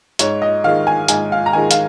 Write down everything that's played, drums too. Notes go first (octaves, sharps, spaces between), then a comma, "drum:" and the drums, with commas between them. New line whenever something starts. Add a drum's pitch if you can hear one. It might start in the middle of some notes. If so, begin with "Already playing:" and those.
G#2 C#5, drum: hi-hat
D#5
D#3 G#3 F5
G#5
G#2 G#5, drum: hi-hat
F5
A#5
D#3 G#3 G#5
F5, drum: hi-hat